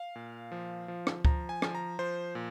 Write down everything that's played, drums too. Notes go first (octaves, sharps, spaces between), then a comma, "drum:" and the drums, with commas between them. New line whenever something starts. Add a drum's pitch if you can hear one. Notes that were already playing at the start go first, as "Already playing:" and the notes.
Already playing: F5
A#2
F3
F3
drum: rim click
F3 A#5, drum: kick C#2
G#5
F3, drum: rim click
A#5
F3 C5
A#2